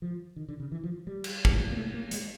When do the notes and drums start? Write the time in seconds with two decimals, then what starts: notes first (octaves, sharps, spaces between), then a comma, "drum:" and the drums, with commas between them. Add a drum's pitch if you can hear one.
0.02 F3
0.36 D#3
0.48 D3
0.60 C#3
0.72 E3
0.84 F3
1.07 G3
1.24 drum: cymbal
1.45 drum: kick
1.72 A#3
1.77 A3
1.94 A#3
2.11 G#3, drum: hi-hat